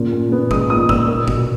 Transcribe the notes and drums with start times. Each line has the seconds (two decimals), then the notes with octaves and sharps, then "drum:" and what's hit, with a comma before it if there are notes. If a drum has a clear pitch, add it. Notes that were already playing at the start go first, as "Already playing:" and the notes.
Already playing: A#2 C#3
0.13 A#2
0.32 B3
0.51 G#3 D#6, drum: kick
0.70 A#2 D#6
0.89 A#2 E6, drum: kick
1.08 A#3
1.28 B2, drum: kick